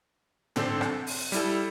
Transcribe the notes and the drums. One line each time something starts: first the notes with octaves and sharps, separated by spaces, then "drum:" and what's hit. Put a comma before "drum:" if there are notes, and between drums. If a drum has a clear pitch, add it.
D3 C4 A4 C5, drum: tom
drum: rim click
drum: open hi-hat
G3 E4 A4, drum: hi-hat